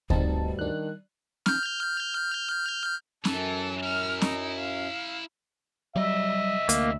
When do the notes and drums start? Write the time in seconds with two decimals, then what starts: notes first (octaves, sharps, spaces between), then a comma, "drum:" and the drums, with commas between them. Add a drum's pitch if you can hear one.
0.10 D2 G2 G3 C4 D#4 A5, drum: kick D2
0.59 D#3 D4 F#6
1.46 F6 G6, drum: snare
3.25 F#2 E3 A4, drum: snare
3.83 E4 A#5 F6
4.22 D#4, drum: snare
4.60 F5
5.96 C3 F#3 G3 D#5 E5
6.69 D2 A#3, drum: hi-hat